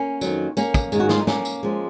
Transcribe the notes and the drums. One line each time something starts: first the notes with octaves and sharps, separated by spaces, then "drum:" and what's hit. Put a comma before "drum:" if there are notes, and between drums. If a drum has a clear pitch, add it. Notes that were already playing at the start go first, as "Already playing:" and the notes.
Already playing: A#3 C#4
F2 D#3 F#3, drum: tambourine
A#3 C#4, drum: tambourine
drum: kick, tambourine
G#2 D#3 G#3, drum: tambourine
F#4
F4, drum: snare
D#4
A#3 C#4, drum: snare
drum: tambourine
F3 G#3